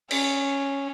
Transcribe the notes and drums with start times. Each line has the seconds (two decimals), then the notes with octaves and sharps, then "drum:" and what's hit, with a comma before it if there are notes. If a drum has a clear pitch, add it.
0.11 C#4, drum: cymbal